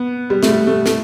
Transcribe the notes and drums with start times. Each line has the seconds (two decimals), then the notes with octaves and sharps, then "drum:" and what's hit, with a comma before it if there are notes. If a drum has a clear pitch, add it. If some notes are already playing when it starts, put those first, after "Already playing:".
Already playing: B3
0.30 G3
0.43 A3, drum: snare
0.49 G3
0.67 A3
0.86 A3, drum: snare